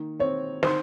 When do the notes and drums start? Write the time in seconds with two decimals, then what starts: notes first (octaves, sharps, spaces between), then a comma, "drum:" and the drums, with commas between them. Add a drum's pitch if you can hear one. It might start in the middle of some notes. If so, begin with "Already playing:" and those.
Already playing: D#3 A#3
0.20 C4 C#5
0.63 D#3 C5, drum: snare